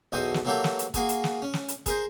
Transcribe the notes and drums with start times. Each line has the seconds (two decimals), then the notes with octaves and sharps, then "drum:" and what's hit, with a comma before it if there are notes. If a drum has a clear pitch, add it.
0.12 B1 E2 B2 F#4 C5 D#6
0.34 drum: snare
0.45 E3 F#3 A#3 F#4 G4 A4
0.64 drum: snare
0.79 drum: hi-hat
0.94 A#3 F#4 G#4 G#5, drum: kick, hi-hat
1.09 drum: hi-hat
1.24 drum: snare
1.42 C#4
1.54 drum: snare
1.68 drum: hi-hat
1.86 G#4 A#4 C5, drum: kick, hi-hat